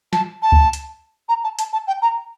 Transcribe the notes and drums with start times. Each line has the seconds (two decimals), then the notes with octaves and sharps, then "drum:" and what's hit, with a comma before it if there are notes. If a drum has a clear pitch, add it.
0.13 A5, drum: snare
0.42 A5
0.52 drum: kick C#2
0.73 drum: hi-hat
1.29 A#5
1.44 A5
1.59 A5, drum: hi-hat
1.73 A5
1.87 G5
2.02 A#5